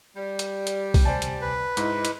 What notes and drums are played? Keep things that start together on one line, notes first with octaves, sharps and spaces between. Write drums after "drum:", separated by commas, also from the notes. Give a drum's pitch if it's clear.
G3
drum: hi-hat
drum: hi-hat
drum: kick B1, open hi-hat
D2 C3 C5 D5 G#5 A5
drum: hi-hat
B4
G#2 E4 D#5, drum: hi-hat
drum: hi-hat